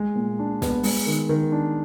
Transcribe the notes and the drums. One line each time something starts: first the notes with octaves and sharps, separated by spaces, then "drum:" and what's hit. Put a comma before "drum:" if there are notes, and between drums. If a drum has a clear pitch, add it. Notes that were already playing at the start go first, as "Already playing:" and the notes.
Already playing: G#3
A#2
D4
B3, drum: snare
G#3, drum: open hi-hat
D#3
D#3
D4